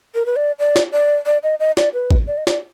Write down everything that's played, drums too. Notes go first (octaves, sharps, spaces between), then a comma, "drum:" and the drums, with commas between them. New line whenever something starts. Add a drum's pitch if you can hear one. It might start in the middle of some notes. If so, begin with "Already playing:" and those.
A#4
B4
D5
D5
drum: snare
D5
D5
D#5
D#5
D5, drum: snare
B4
drum: kick A1
D5
D#5
D5, drum: snare